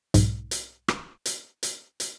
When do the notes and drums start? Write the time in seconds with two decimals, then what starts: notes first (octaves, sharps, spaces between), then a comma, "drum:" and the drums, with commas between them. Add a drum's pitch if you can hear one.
0.14 B1 G#2, drum: hi-hat
0.51 drum: hi-hat
0.88 drum: rim click
1.26 drum: hi-hat
1.63 drum: hi-hat
2.00 drum: hi-hat